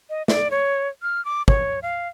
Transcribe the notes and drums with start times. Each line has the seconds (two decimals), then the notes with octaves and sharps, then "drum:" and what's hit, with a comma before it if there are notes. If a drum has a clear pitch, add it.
0.10 D#5
0.28 D5, drum: snare
0.51 C#5
1.02 F6
1.25 D6
1.48 C#5, drum: kick
1.83 F5